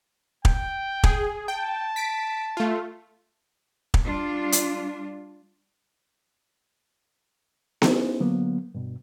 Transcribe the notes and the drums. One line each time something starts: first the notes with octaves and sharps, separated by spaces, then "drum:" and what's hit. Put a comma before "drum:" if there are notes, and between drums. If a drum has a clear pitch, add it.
G5, drum: kick
G#4, drum: kick
G5 A5
B6 D7
A3 F4
drum: kick
G3 D4 F4
drum: hi-hat
B3 C#4 D#4 E4 G#4 C5, drum: snare B3
D3 F#3 A#3 B3
G2 B2